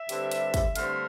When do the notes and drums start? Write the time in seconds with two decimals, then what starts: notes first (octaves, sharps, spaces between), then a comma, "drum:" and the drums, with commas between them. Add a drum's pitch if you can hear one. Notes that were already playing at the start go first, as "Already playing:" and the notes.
Already playing: E5
0.09 G2 D3 G3 C4, drum: hi-hat
0.31 drum: hi-hat
0.54 drum: kick, hi-hat
0.76 G2 D3 A3 C4 F5, drum: hi-hat